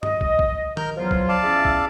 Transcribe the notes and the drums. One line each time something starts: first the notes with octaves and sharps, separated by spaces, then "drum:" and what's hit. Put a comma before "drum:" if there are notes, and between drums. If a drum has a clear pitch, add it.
D#5, drum: tom
drum: kick
drum: kick
A#4 F6 G6, drum: tom D#3
E2 F3 F#3 F4
drum: kick
D5 F5 A5
E2 C#4 E5
drum: kick